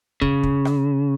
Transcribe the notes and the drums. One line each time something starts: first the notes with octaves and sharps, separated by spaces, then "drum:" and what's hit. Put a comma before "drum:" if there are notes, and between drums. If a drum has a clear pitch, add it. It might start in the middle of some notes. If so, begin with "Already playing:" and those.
C#3, drum: kick
drum: kick
drum: rim click